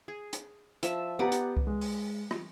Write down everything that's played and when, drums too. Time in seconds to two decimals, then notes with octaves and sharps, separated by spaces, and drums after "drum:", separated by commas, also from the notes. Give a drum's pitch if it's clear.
0.08 G#4
0.33 drum: hi-hat
0.83 F3 E5 A5, drum: hi-hat
1.19 B3 G4 B4 D5 F#5 A#5
1.32 drum: hi-hat
1.57 drum: kick C2
1.67 G#3
1.81 drum: open hi-hat
2.31 drum: rim click